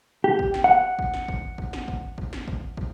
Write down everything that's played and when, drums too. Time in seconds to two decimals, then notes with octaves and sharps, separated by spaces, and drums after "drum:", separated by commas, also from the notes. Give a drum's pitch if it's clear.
0.24 G4
0.39 drum: kick
0.54 drum: snare
0.64 F#5
0.99 drum: kick
1.14 drum: snare
1.28 drum: kick
1.58 drum: kick
1.73 drum: snare
1.88 drum: kick
2.18 drum: kick
2.33 drum: snare
2.48 drum: kick
2.77 drum: kick